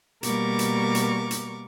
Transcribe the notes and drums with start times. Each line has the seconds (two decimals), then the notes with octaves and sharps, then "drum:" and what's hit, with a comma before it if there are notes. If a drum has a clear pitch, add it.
0.23 B2 G3 A#3 A#4 C#6 D6, drum: hi-hat
0.59 drum: hi-hat
0.95 drum: hi-hat
1.31 drum: hi-hat